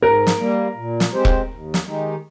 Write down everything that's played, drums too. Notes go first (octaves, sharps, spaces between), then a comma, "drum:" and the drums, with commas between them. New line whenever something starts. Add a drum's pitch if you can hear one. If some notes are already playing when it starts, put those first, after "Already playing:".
G#2 A#4
drum: snare
G3 A#3
A#2
drum: snare
G#3 C4 G4 C5
drum: kick E1
D#2
drum: snare
D#3 G#3 D#4 G4